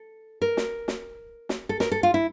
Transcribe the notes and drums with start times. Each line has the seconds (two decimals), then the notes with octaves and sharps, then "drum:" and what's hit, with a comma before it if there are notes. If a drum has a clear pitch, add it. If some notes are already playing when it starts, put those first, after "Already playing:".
Already playing: A4
0.42 A#4
0.57 drum: snare
0.88 drum: snare
1.49 drum: snare
1.69 A4
1.80 A#4, drum: snare
1.92 A4
2.03 F4
2.14 E4